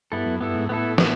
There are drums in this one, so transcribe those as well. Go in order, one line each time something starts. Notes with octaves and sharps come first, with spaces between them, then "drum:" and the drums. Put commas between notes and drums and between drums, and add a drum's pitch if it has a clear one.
G2 B3 E4 A4
F#2
G2 B3 E4 A4
G#2
A2 B3 E4 A4
B3 E4, drum: snare